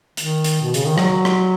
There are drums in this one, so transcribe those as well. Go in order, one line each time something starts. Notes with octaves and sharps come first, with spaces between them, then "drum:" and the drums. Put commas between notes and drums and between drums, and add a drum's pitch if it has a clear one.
D#3, drum: hi-hat
drum: hi-hat
B2
C#3, drum: hi-hat
D#3
F#3, drum: rim click
drum: rim click